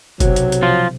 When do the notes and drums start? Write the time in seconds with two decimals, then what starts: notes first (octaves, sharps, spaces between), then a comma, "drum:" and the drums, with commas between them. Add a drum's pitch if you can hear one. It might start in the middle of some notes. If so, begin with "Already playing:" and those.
0.20 B1 C3 F#3, drum: kick F#1, hi-hat
0.36 drum: hi-hat
0.52 drum: hi-hat
0.63 F3 F4